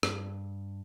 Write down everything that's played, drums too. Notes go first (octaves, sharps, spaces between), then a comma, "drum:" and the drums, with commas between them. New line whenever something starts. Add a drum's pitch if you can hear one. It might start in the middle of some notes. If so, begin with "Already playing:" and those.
G2, drum: rim click